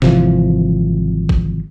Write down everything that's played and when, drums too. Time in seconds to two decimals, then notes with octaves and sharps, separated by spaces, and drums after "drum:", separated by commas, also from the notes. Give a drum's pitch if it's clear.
0.02 G#1 C3 E3 F3, drum: snare
1.29 drum: kick